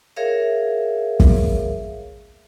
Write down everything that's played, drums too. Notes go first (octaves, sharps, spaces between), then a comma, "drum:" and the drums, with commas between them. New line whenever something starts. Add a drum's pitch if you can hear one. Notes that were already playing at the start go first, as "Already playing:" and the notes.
G#4 A#4 C#5 E5 F5
drum: kick